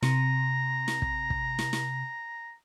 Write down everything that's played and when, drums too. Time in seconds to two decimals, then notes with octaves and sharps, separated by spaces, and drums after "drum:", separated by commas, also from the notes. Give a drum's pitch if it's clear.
0.03 C3 A#5, drum: snare
0.88 drum: snare
1.02 drum: kick
1.30 drum: kick
1.59 drum: snare
1.73 drum: snare